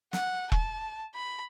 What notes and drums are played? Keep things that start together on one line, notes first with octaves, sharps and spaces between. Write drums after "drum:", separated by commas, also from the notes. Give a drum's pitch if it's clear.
F#5, drum: snare
A5, drum: kick E1
B5